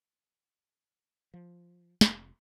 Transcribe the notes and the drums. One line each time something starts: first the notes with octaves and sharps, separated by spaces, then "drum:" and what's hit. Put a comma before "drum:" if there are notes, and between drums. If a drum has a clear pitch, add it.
F3
F1, drum: snare